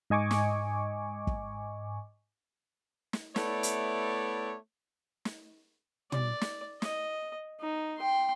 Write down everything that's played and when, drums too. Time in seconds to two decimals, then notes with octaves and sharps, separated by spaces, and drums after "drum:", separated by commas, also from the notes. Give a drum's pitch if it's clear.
0.10 G#2 D#5 G#5 C#6 D6
0.31 drum: snare
1.27 drum: kick
3.13 drum: snare
3.36 A3 B3 E4 C#5 D5, drum: snare
3.63 drum: hi-hat
5.25 drum: snare
6.12 D5, drum: tom
6.41 drum: snare
6.82 D#5, drum: snare
7.61 D#4
7.98 G5 C6